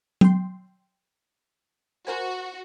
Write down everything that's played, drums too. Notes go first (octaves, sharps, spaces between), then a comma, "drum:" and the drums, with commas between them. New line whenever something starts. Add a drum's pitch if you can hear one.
G5 C6, drum: tom F#3
F#4 A#4 C5 G#5